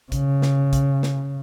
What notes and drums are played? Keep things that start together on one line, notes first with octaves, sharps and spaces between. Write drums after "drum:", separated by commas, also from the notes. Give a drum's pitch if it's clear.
C#3, drum: kick, hi-hat
drum: snare
drum: kick, hi-hat
drum: snare